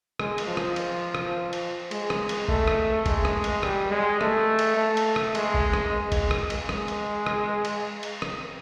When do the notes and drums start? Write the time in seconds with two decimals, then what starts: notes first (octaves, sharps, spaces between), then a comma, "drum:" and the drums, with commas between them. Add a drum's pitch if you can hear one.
0.20 G#3, drum: rim click
0.38 drum: cymbal
0.47 F3
0.57 drum: rim click
0.76 drum: cymbal
1.15 drum: rim click
1.53 drum: cymbal
1.91 G#3, drum: cymbal
2.10 drum: rim click
2.29 drum: cymbal
2.48 A3, drum: kick G1
2.68 drum: rim click
3.06 G#3, drum: kick G1, cymbal
3.25 drum: rim click
3.44 drum: cymbal
3.63 G3, drum: rim click
3.91 G#3
4.21 A3, drum: rim click
4.59 drum: cymbal
4.77 A3
4.97 drum: cymbal
5.16 drum: rim click
5.35 G#3, drum: cymbal
5.54 drum: kick G1
5.73 drum: rim click
5.92 G#3
6.12 drum: kick G1, cymbal
6.31 drum: rim click
6.50 G#3, drum: cymbal
6.69 drum: rim click
6.88 drum: cymbal
7.26 drum: rim click
7.65 drum: cymbal
8.03 drum: cymbal
8.22 drum: rim click